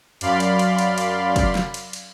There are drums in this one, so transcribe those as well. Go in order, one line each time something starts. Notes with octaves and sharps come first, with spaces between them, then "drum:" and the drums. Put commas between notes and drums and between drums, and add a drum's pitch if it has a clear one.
F#2 D5 F5 B5 C6, drum: cymbal
drum: cymbal
drum: cymbal
drum: cymbal
drum: cymbal
drum: kick, cymbal
drum: snare
drum: cymbal
drum: cymbal